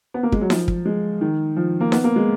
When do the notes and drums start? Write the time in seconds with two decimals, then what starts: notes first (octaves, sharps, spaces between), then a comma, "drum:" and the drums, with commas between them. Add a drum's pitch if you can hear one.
0.14 B3
0.23 A#3
0.32 G#3, drum: kick
0.41 F#3
0.50 F3, drum: snare D#4
0.68 drum: kick
0.85 G#3
1.21 D#3
1.56 F3
1.81 A#3
1.92 B3, drum: snare D#4
2.04 A#3
2.16 G#3